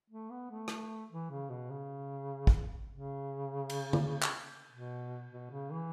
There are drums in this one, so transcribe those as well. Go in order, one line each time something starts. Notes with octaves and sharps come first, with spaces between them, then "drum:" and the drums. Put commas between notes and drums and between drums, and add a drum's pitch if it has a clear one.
A3
B3
A3
drum: rim click
E3
C#3
B2
C#3
drum: kick
C#3
drum: cymbal
drum: tom D3
drum: clap
B2
B2
C#3
E3